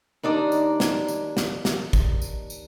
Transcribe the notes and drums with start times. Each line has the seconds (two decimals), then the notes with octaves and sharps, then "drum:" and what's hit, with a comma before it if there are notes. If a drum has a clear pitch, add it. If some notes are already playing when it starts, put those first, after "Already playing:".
0.23 D#2 D4 D#4 D5
0.52 drum: tambourine
0.80 drum: snare
1.08 drum: tambourine
1.37 drum: snare
1.65 drum: snare
1.93 drum: kick, tambourine
2.22 drum: tambourine
2.50 drum: tambourine